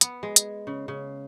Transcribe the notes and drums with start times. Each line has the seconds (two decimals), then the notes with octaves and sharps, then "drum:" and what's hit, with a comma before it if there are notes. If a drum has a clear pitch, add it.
0.01 B3, drum: hi-hat
0.23 G#3
0.36 drum: hi-hat
0.67 C#3
0.88 C#3